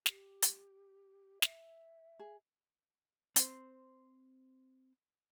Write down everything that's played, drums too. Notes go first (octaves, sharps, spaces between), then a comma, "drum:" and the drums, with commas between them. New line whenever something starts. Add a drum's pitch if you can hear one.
G4, drum: snare
drum: hi-hat
E5, drum: snare
G#4
C4 C5, drum: hi-hat